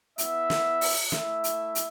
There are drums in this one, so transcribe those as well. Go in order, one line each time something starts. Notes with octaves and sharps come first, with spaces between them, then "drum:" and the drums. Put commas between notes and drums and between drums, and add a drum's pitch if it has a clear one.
B3 E4 E5, drum: hi-hat
drum: snare
drum: open hi-hat
A3 E4 E5, drum: snare
drum: hi-hat
drum: hi-hat